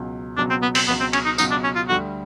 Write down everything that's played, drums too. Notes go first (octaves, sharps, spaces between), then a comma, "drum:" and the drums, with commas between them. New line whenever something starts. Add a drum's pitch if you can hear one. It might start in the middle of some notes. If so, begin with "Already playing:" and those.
Already playing: C#2 B2 F#3
C#2 B2 F#3 D4
C4
B3
C4, drum: open hi-hat
C#2 B2 F#3 B3
C4
C#4, drum: cymbal
D#4
C#2 B2 F#3 D#4, drum: tambourine
D4
C#4
F4
D2 D3 G3 F#4